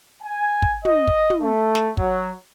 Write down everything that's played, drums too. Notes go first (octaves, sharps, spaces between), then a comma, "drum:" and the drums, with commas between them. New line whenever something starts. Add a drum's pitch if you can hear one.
G#5
drum: kick
D#5, drum: tom
drum: kick
drum: tom
A3
drum: snare
F#3, drum: kick